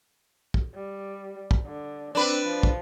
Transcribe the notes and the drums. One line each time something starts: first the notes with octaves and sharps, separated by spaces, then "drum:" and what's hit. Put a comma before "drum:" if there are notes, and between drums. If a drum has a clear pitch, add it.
drum: kick
G3
drum: kick
D3
C4 D4 B4
F3
drum: kick